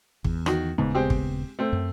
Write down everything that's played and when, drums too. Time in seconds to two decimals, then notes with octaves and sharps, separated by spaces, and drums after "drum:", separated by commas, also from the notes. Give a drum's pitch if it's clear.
0.24 E2, drum: kick G#1
0.46 D#3 F#4, drum: rim click
0.78 D#1 G#2 C#3 B3
0.95 G#3 C4 G4
1.10 drum: kick G#1
1.59 A3 C4
1.73 F#2